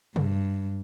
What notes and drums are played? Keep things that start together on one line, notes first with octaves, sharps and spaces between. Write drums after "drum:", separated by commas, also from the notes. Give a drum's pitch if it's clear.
G2, drum: tom